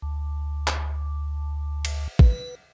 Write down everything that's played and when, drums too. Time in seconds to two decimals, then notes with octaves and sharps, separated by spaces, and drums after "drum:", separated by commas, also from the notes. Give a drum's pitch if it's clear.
0.02 D2
0.67 drum: clap
1.85 drum: cymbal
2.19 B4, drum: kick A1